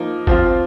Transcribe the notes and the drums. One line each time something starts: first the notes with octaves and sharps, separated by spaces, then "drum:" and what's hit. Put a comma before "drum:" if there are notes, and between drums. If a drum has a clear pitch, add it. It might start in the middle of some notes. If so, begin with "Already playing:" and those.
Already playing: F3 A#3 D#4
F3 C4 F4, drum: kick G#1